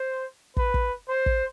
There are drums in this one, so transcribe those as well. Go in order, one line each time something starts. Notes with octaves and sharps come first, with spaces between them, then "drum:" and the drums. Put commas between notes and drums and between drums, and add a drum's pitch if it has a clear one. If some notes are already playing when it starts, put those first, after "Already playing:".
Already playing: C5
B4, drum: kick
drum: kick
C5
drum: kick